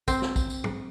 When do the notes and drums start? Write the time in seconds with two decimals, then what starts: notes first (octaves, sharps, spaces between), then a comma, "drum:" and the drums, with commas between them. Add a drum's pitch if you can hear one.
0.08 C4, drum: kick, tambourine
0.22 drum: snare
0.36 drum: kick, tambourine
0.50 drum: tambourine
0.64 drum: tom G#2